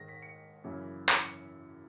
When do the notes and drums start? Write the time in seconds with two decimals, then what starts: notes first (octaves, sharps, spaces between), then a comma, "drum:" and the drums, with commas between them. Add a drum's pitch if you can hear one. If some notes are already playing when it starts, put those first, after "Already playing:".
Already playing: G#2 D#3 G#3 A#6
0.08 B6
0.22 C#7
0.64 F#2 C#3 E3 A#3 E4
1.09 drum: clap
1.22 C#7